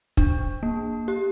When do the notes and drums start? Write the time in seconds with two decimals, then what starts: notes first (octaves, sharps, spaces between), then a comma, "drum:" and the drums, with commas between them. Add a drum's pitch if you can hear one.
0.17 D4, drum: kick
0.63 A#3
1.08 G4